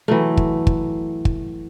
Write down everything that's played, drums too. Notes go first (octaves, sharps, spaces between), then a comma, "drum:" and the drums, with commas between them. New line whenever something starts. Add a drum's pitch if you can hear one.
E3 F#3 A3
drum: kick
drum: kick
drum: kick